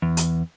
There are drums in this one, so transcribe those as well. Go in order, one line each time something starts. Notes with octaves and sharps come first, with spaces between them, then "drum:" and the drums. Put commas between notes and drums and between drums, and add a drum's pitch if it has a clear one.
E2
drum: hi-hat